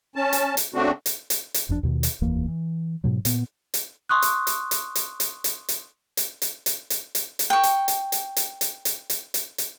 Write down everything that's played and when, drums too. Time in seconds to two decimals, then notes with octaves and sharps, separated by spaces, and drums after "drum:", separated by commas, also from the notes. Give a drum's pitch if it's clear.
0.16 C#4 A5
0.33 drum: hi-hat
0.57 drum: hi-hat
0.74 C#3 A3 C4 D4 F#4
1.06 drum: hi-hat
1.30 drum: hi-hat
1.54 drum: hi-hat
1.69 F#1 F2 G#2 D4
1.83 D#2 B2 D#3
2.03 drum: hi-hat
2.21 F1 D#2 E3 A#3
2.48 E3
3.04 G#2 B2 F#3
3.25 A#2 B3, drum: hi-hat
3.74 drum: hi-hat
4.09 C6 C#6 D#6 F#6
4.22 drum: hi-hat
4.47 drum: hi-hat
4.71 drum: hi-hat
4.95 drum: hi-hat
5.20 drum: hi-hat
5.44 drum: hi-hat
5.69 drum: hi-hat
6.17 drum: hi-hat
6.42 drum: hi-hat
6.66 drum: hi-hat
6.90 drum: hi-hat
7.15 drum: hi-hat
7.39 drum: hi-hat
7.50 G5 C#6
7.63 drum: hi-hat
7.88 drum: hi-hat
8.12 drum: hi-hat
8.36 drum: hi-hat
8.61 drum: hi-hat
8.85 drum: hi-hat
9.10 drum: hi-hat
9.34 drum: hi-hat
9.58 drum: hi-hat